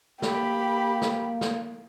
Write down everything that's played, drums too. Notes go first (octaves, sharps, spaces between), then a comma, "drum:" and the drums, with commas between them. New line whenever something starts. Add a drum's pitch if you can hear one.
A#3 G4 B5, drum: snare
drum: snare
drum: snare